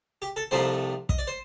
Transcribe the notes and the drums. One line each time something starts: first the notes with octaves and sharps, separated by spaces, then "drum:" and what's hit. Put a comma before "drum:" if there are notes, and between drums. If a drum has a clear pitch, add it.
G4
A4
C2 C3 F3 A3 D#4 C5
D#5, drum: kick
D5
C5